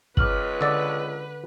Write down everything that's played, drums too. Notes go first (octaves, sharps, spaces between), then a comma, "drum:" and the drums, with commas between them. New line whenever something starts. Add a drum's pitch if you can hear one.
C#2 B4 D6 F6 F#7, drum: kick
D3 D5 E6